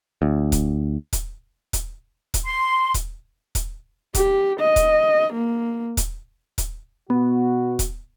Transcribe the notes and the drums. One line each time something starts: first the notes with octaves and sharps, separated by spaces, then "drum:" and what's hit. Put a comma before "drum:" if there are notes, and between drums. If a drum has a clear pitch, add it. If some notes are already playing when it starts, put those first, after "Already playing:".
D2
drum: kick D#1, hi-hat
drum: kick D#1, hi-hat
drum: kick D#1, hi-hat
drum: kick D#1, hi-hat
C6
drum: kick D#1, hi-hat
drum: kick D#1, hi-hat
G4, drum: kick D#1, hi-hat
D#5
drum: kick D#1, hi-hat
A#3
drum: kick D#1, hi-hat
drum: kick D#1, hi-hat
B2 B3 F#4
drum: kick D#1, hi-hat